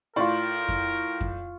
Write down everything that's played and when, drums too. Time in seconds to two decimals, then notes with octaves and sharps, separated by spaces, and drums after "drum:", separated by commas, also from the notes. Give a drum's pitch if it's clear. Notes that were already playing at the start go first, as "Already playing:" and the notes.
0.16 A2 F4 A#4 D5 C#6
0.68 drum: kick F2
1.21 drum: kick F2